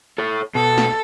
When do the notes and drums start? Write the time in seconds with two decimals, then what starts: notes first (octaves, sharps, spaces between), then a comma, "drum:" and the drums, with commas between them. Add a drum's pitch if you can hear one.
0.18 A4 C#5
0.55 B2 A4
0.78 drum: snare